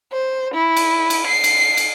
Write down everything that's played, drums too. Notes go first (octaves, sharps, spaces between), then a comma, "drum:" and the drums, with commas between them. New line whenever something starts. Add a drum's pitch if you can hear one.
C5
E4
drum: cymbal
drum: cymbal
C7
drum: cymbal
drum: cymbal